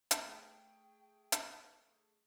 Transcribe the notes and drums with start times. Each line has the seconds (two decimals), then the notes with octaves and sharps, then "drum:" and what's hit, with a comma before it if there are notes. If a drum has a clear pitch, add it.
0.11 A3 G#4 G5, drum: hi-hat
1.32 drum: hi-hat